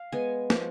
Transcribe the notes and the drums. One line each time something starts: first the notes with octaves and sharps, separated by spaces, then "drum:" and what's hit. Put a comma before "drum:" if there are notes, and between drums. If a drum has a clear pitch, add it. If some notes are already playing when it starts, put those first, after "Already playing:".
Already playing: F5
G#3 B3 G#5
F3, drum: snare